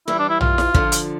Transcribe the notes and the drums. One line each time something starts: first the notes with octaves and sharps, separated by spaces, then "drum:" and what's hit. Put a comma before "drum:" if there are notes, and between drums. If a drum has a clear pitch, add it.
E3 G3 E4
D4
E4
F4, drum: tom
drum: snare E4
D3 F3, drum: kick
drum: hi-hat